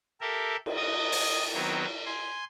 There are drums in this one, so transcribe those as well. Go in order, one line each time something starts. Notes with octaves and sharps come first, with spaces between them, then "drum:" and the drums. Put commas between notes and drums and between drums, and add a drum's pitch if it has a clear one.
G4 A4 A#4 E5
drum: cymbal
D#5 D#6
drum: open hi-hat
D#3 F#3 B3 C4
G#5 C6